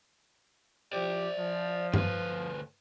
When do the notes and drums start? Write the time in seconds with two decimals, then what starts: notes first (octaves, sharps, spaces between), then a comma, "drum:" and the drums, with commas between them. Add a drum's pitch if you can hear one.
0.93 F3 G4 C5 D5
1.39 F3
1.94 D2 B4, drum: tom G2